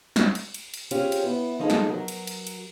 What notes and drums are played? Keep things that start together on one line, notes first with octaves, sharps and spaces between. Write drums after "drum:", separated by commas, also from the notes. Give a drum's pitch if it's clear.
drum: snare
drum: cymbal
drum: cymbal
drum: cymbal
C4 C#4 F4 G4 G#4, drum: cymbal
drum: cymbal
B3 E4
F3 A#3 D#4 G#4 A4
drum: snare
F#3 A#4
drum: cymbal
drum: cymbal
drum: cymbal